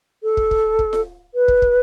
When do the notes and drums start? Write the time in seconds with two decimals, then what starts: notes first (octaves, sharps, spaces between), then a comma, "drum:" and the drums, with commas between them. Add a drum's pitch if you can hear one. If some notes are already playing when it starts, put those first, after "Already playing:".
0.23 A4
0.37 drum: kick
0.51 drum: kick
0.79 drum: kick
0.93 drum: snare F4
1.34 B4
1.48 drum: kick
1.62 drum: kick